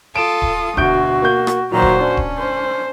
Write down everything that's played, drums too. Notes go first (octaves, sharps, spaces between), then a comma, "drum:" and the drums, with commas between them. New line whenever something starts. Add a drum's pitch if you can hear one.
F4 A4 D#6 D7 E7
drum: kick D1
D2 B2 F#4 G6 D7, drum: kick D1
A#3 G6
drum: rim click
A#2 D#3 F#3 F#4 C5 A#5
drum: kick D1
C#4 D4
drum: kick D1
C5